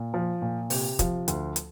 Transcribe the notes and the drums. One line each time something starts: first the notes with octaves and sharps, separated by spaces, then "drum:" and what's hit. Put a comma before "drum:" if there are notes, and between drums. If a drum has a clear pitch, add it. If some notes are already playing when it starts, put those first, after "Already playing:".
Already playing: A#2
F3
A#2
C3, drum: open hi-hat
F3, drum: kick, hi-hat
D2, drum: hi-hat
drum: hi-hat